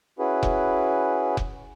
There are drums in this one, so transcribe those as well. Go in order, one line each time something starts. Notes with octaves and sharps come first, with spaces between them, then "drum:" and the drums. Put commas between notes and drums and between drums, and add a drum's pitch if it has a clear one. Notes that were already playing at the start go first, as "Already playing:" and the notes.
C#4 E4 F#4 G#4 B4
drum: kick F1
drum: kick F1